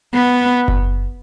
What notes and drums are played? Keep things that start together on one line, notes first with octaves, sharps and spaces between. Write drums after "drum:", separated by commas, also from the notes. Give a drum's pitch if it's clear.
B3
drum: kick F#1